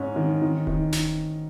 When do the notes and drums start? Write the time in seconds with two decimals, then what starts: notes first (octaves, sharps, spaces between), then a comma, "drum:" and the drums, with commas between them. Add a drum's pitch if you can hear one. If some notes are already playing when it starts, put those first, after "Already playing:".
Already playing: G#2 C#4
0.16 D#3
0.42 D#3
0.67 D#3, drum: kick D1
0.92 drum: snare